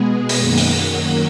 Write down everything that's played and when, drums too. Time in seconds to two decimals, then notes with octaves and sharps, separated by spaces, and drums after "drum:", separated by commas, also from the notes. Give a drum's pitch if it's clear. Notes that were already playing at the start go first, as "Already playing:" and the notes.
Already playing: B2 G#3 B3 G#4
0.29 drum: open hi-hat
0.38 F#2 D#3 F#3 A#3 F#4
0.57 drum: open hi-hat